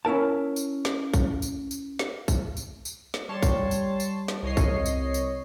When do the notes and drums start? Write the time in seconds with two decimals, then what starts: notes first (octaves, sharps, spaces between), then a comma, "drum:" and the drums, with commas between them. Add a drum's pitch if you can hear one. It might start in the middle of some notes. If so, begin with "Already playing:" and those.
0.05 C#4 E4 A#4 A5
0.56 drum: tambourine
0.85 drum: snare
1.14 drum: kick, tambourine
1.42 drum: tambourine
1.71 drum: tambourine
1.99 drum: snare
2.28 drum: kick, tambourine
2.57 drum: tambourine
2.85 drum: tambourine
3.14 drum: snare
3.29 G3 C#5 A5 C6
3.43 drum: kick, tambourine
3.71 drum: tambourine
4.00 drum: tambourine
4.28 drum: snare
4.43 C2 C#5 D#5 C7
4.57 drum: kick, tambourine
4.86 drum: tambourine
5.14 drum: tambourine